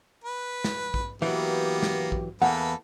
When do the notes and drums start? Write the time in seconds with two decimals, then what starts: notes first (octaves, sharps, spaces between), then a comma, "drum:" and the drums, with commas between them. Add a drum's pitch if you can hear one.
0.24 B4
0.64 drum: snare
0.94 drum: kick A#1
1.22 E3 F#3 A#3 B3 G4 G6
1.83 drum: snare
2.12 drum: kick A#1
2.42 E2 A#3 A4 B4 F#5